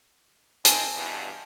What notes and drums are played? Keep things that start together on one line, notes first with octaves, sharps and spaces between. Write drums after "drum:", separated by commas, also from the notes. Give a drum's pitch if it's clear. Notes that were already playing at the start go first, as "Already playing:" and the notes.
D#3 G#3 C4 G#5 A5, drum: hi-hat
E2 G2 B2